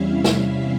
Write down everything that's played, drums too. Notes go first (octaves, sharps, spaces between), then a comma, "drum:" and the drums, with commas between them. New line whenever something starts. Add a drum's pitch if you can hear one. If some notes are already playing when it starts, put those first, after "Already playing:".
Already playing: E2 C3 G3 C#4 E4 E5 F5
drum: snare